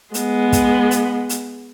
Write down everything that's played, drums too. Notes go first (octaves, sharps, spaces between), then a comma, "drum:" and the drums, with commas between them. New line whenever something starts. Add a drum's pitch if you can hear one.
G#3 B3, drum: hi-hat
drum: kick, hi-hat
drum: hi-hat
drum: hi-hat